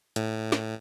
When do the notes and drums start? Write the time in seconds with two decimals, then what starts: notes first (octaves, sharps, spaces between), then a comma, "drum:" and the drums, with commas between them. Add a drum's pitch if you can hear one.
0.16 A2, drum: hi-hat
0.52 drum: snare